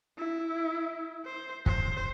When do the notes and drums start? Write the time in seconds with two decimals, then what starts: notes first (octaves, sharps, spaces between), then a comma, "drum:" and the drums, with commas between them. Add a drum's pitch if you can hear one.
0.18 E4
1.25 C5
1.66 C5, drum: kick